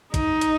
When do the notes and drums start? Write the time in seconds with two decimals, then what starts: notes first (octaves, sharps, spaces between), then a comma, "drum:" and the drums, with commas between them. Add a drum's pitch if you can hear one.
0.14 D#4, drum: kick, hi-hat
0.41 drum: hi-hat